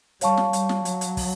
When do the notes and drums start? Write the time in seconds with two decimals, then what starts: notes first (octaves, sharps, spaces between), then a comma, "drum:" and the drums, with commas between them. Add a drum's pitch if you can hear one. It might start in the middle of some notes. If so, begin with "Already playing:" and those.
0.21 G3 C#5 F5 A5 C#6, drum: hi-hat
0.37 drum: snare
0.53 G3, drum: hi-hat
0.69 drum: snare
0.85 F#3, drum: hi-hat
1.01 drum: hi-hat
1.17 drum: kick, open hi-hat